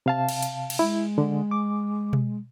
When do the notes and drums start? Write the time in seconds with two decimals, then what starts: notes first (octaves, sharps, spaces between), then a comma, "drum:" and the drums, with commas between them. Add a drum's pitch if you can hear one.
0.06 C3 F5 A5
0.29 drum: cymbal
0.43 drum: hi-hat
0.70 drum: cymbal
0.79 G#3 E4
1.18 D3
1.51 D6
2.13 drum: tom B2